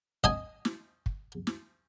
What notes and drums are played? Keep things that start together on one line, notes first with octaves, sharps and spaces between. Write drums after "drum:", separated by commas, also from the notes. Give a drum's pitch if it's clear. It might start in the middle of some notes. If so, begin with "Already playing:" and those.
D#5 G#5, drum: kick
drum: snare
drum: kick
drum: snare